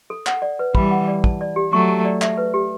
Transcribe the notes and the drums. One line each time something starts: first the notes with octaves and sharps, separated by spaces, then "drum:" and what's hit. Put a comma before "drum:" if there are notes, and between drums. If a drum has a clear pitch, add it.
A4
F#5, drum: clap
D5
B4
E3 G3 B5, drum: kick
F#5
D5
A5, drum: kick
D5
G4
F#3 A3 C#6
A5
D5
E5, drum: clap
B4
G4